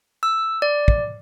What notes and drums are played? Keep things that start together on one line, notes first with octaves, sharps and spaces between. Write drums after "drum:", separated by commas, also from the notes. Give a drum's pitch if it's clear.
E6
D5
drum: kick